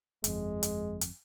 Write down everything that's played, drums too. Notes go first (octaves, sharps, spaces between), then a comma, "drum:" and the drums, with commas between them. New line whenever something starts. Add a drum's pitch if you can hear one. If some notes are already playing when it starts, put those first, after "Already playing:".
G1 F2 G#3, drum: hi-hat
drum: hi-hat
drum: hi-hat